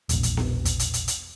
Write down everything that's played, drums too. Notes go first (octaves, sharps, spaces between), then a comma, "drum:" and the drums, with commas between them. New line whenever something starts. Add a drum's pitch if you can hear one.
E1 A#1, drum: hi-hat
drum: hi-hat
drum: snare B3
drum: kick, hi-hat
drum: hi-hat
drum: hi-hat
drum: hi-hat